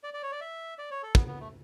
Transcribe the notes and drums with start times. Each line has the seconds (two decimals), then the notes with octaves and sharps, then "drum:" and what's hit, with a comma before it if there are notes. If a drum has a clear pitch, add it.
0.04 D5
0.14 D5
0.23 C#5
0.32 D5
0.41 E5
0.79 D5
0.91 C#5
1.03 A4
1.15 B3, drum: kick
1.28 B3
1.40 A3